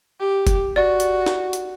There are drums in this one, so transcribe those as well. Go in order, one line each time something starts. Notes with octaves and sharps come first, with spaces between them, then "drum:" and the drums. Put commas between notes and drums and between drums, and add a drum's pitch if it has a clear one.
G4
drum: kick, hi-hat
F#4 D5
drum: hi-hat
drum: snare
drum: hi-hat